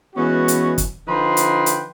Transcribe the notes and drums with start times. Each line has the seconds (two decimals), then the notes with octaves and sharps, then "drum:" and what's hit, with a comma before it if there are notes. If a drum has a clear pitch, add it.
0.15 E3 G#3 B3 C#4 F#4
0.48 drum: hi-hat
0.78 drum: kick, hi-hat
1.07 D3 F3 D#4 B4 G5 C6
1.37 drum: hi-hat
1.66 drum: hi-hat